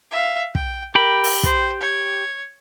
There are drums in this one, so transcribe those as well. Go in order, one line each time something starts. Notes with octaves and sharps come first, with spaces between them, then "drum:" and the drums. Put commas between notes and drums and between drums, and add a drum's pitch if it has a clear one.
E5 F5
G5, drum: kick
G4 A#4 G5 B5
drum: open hi-hat
C5, drum: kick
C#5